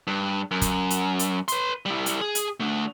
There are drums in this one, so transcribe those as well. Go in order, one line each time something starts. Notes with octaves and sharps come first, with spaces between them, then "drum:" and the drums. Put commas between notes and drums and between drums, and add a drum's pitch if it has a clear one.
G2
F#2
drum: kick, hi-hat
drum: hi-hat
drum: hi-hat
B4 C6, drum: hi-hat
G3 E4
drum: hi-hat
G#4
drum: hi-hat
D3 A3